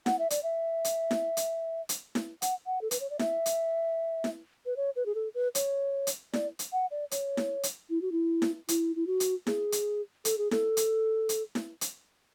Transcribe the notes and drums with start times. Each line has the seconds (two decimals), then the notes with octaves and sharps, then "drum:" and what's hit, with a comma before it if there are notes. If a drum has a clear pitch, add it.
0.06 F#5, drum: snare E4
0.19 E5
0.30 D5, drum: hi-hat
0.43 E5
0.85 drum: hi-hat
1.11 drum: snare E4
1.37 drum: hi-hat
1.89 drum: hi-hat
2.15 drum: snare E4
2.42 F#5, drum: hi-hat
2.66 F#5
2.81 A4
2.91 B4, drum: hi-hat
3.00 C#5
3.10 D5
3.19 E5, drum: snare E4
3.46 drum: hi-hat
4.24 drum: snare E4
4.66 B4
4.76 C#5
4.96 B4
5.06 G#4
5.15 A4
5.34 B4
5.55 C#5, drum: hi-hat
6.07 drum: hi-hat
6.33 D5, drum: snare E4
6.59 drum: hi-hat
6.72 F#5
6.91 D5
7.11 C#5, drum: hi-hat
7.37 drum: snare E4
7.63 drum: hi-hat
7.90 E4
8.02 F#4
8.12 E4
8.42 drum: snare E4
8.68 E4, drum: hi-hat
8.96 E4
9.07 F#4
9.20 drum: hi-hat
9.47 G#4, drum: snare E4
9.72 drum: hi-hat
10.25 A4, drum: hi-hat
10.38 G#4
10.51 A4, drum: snare E4
10.77 drum: hi-hat
11.29 drum: hi-hat
11.55 drum: snare E4
11.81 drum: hi-hat